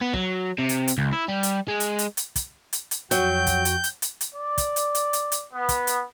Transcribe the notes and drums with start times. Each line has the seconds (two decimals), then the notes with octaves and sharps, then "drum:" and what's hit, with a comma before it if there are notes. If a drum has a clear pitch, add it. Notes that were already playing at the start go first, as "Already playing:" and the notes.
0.01 B3
0.14 F#3, drum: kick
0.59 C3
0.69 drum: hi-hat
0.88 drum: hi-hat
0.98 C#2
1.13 E4
1.29 G3
1.43 drum: hi-hat
1.68 G#3
1.80 drum: hi-hat
1.99 drum: hi-hat
2.17 drum: hi-hat
2.36 drum: kick, hi-hat
2.73 drum: hi-hat
2.91 drum: hi-hat
3.11 F2 F#3 F#4 G5 G6, drum: hi-hat
3.47 drum: kick, hi-hat
3.65 drum: hi-hat
3.84 drum: hi-hat
4.02 drum: hi-hat
4.21 drum: hi-hat
4.34 D5
4.58 drum: kick, hi-hat
4.76 drum: hi-hat
4.95 drum: hi-hat
5.13 drum: hi-hat
5.32 drum: hi-hat
5.53 B3
5.69 drum: kick, hi-hat
5.87 drum: hi-hat